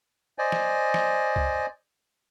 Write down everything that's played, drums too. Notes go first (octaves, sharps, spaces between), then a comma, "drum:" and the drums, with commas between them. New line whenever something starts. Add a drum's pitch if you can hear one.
C5 D5 D#5 G#5
drum: snare
drum: snare
drum: kick